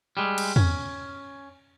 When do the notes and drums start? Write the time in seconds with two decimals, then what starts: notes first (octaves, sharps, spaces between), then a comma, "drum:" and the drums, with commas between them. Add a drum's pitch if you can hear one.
0.17 G3 G#3
0.38 drum: cymbal
0.56 C#4, drum: tom